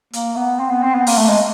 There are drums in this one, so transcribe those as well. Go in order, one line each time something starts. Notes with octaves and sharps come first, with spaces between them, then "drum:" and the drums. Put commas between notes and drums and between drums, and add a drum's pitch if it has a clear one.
A#3, drum: hi-hat
B3
C4
B3
C4
B3
A#3, drum: open hi-hat
A3
G#3